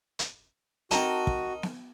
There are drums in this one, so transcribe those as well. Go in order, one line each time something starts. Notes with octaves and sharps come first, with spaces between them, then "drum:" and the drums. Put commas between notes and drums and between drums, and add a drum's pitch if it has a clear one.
drum: hi-hat
C4 D#4 F#4 A#4 A5, drum: hi-hat
drum: kick
drum: snare B3